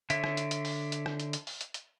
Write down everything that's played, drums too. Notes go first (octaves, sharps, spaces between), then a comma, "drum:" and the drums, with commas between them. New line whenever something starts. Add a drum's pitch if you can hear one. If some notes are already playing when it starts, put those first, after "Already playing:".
D3 C#5 E5, drum: hi-hat
drum: rim click
drum: hi-hat
drum: hi-hat
drum: open hi-hat
drum: hi-hat
drum: rim click
drum: hi-hat
drum: hi-hat
drum: open hi-hat
drum: hi-hat
drum: hi-hat